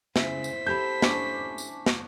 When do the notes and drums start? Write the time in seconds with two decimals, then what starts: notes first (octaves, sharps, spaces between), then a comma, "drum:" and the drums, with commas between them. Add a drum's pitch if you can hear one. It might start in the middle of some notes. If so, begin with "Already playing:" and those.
0.16 C#3 E4 C5 B6, drum: snare
0.44 drum: tambourine
0.66 C4 G4 A4 B5 G6
1.02 C#4 D4, drum: snare
1.58 drum: tambourine
1.86 drum: snare